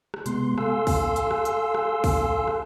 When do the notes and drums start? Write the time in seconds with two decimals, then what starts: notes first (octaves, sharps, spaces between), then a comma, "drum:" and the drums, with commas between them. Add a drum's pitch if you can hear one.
0.14 drum: rim click
0.26 C3 G#3 B3 C6, drum: hi-hat
0.58 A4 F5 G#5 C6 E6, drum: rim click
0.87 drum: kick, open hi-hat
1.16 drum: hi-hat
1.31 drum: rim click
1.45 drum: hi-hat
1.75 drum: rim click
2.04 drum: kick, open hi-hat
2.48 drum: rim click